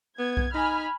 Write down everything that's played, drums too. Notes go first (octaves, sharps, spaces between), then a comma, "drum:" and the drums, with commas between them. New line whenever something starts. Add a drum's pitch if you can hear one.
B3 G#6
drum: kick B1
D#4 G#5 B5 F6